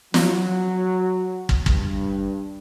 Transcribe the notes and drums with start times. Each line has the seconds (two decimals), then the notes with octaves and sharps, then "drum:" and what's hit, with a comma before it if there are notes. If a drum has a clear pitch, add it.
0.14 F#3, drum: snare
1.49 drum: kick
1.66 G2, drum: kick